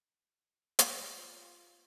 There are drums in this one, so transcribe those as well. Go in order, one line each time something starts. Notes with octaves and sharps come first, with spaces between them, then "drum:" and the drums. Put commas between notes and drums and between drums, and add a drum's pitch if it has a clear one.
drum: hi-hat
F4